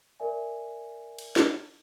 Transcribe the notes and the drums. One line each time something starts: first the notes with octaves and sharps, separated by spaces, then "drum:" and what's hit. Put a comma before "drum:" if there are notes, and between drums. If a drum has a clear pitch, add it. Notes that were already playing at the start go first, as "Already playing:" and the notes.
A#4 D5 E5 G#5
drum: cymbal
drum: snare